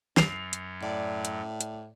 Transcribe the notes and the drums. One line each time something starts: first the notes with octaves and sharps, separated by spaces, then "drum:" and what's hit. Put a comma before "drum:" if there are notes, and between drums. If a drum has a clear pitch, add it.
F#2 F#3 C7 F7, drum: snare
drum: hi-hat
A2 D5
drum: hi-hat
drum: hi-hat